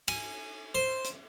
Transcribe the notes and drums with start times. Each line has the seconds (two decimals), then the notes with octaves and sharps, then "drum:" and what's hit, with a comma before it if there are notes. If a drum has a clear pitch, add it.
0.08 G#5, drum: cymbal
0.75 C5
1.04 drum: hi-hat